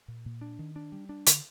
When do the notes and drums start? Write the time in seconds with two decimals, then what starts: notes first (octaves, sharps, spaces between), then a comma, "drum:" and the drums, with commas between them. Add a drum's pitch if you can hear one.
0.08 A#2
0.25 A#2
0.41 D4
0.59 D#3
0.76 D4
0.92 G3
1.09 D4
1.26 D3, drum: hi-hat